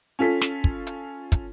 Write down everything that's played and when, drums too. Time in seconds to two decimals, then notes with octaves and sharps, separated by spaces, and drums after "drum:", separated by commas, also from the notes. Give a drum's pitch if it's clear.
0.19 C#4 F4 A4 B6
0.41 drum: snare
0.64 drum: kick
0.87 drum: hi-hat
1.32 drum: kick, hi-hat